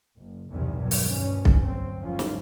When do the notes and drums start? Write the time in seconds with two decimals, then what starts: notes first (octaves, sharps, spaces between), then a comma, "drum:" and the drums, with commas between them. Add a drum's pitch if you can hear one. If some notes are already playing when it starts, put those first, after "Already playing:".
0.18 F#1
0.51 B1 E2 G2 C3 D#3 E3
0.80 G2 B2 D#3 F#3
0.91 drum: open hi-hat
1.09 D2 G2 C#4
1.45 drum: kick B1
1.62 D2 F#3 C4
2.01 F#1 F2 G#2 F3 C#4
2.19 drum: snare